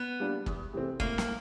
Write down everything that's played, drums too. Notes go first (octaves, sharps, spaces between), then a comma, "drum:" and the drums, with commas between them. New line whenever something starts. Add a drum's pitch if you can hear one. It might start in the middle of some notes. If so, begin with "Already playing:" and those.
Already playing: B3
G3 A#3 D4
E2, drum: kick
C3 E3 A3 C4
A2 A#3, drum: kick
drum: snare